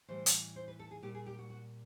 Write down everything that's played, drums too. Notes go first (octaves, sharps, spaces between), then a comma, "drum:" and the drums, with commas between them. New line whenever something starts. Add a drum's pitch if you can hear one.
A2 E3 G3 C5
drum: hi-hat
C5
B4
A4
G#4
A#2 G3 G4
G#4
G4
F#4
F#4